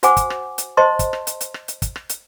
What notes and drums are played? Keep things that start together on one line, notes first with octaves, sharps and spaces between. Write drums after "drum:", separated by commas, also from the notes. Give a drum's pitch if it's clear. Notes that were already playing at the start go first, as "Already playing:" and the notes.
F#4 C5 F#5 G#5 D6, drum: hi-hat
drum: kick, hi-hat
drum: rim click
drum: hi-hat
C5 D#5 A5 C6 C#6
drum: kick, hi-hat
drum: rim click
drum: hi-hat
drum: hi-hat
drum: rim click
drum: hi-hat
drum: kick, hi-hat
drum: rim click
drum: hi-hat